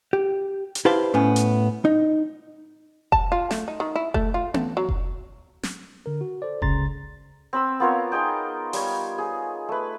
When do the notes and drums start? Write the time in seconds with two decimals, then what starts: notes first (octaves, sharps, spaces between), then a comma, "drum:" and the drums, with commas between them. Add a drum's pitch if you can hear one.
0.13 G4
0.75 drum: hi-hat
0.85 E4 G4 B4 C5 F5 A5
1.14 A2 B3 C#4
1.36 drum: hi-hat
1.85 D#4
3.12 A5, drum: kick F1
3.32 F4
3.51 A3, drum: snare
3.68 D#4
3.80 D#3
3.95 E4
4.14 A3, drum: kick F1
4.34 F4
4.54 A3, drum: tom B3
4.77 F#3
4.89 drum: kick F1
5.63 drum: snare
6.06 D3 A#4
6.21 F#4
6.42 A4 C5 D5
6.62 G1 C#2 C#3 A#5 C6 A6, drum: kick F1
7.53 C4 B5 E6
7.80 B3 F4 A#4 C#5
8.12 D#4 G#4 D#5 G5
8.73 G3 C#5, drum: open hi-hat
9.18 G#4
9.69 A3 B4